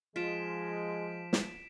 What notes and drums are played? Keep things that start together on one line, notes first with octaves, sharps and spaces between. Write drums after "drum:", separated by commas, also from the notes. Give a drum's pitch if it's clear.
F3 G#3 F4 B6 D7 E7
drum: snare